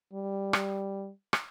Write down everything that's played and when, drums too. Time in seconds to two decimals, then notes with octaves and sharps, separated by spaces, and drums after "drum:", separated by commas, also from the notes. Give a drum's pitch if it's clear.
0.13 G3
0.53 drum: rim click
1.33 drum: rim click